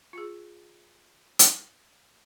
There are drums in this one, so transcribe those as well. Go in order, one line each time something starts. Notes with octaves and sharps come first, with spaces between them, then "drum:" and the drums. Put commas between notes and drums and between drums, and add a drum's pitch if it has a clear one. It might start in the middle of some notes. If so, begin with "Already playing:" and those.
F4 G#4
drum: hi-hat